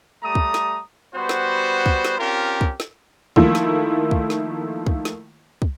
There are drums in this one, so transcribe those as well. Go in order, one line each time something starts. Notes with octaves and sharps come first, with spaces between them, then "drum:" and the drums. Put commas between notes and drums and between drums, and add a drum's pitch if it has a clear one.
G3 A3 A#5 D#6
drum: kick
drum: snare
G3 B3 F#4 C5
drum: snare
drum: kick
drum: snare
C4 C#4 F4 G4 A#4
drum: kick
drum: snare
D#3 F3 A3 A#3 E4 F4, drum: kick
drum: snare
drum: kick
drum: snare
drum: kick
drum: snare
drum: kick